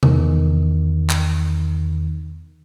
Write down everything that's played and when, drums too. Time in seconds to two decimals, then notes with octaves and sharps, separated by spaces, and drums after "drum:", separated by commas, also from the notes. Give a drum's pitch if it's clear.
0.03 E2 D#3, drum: tom C3
1.10 drum: clap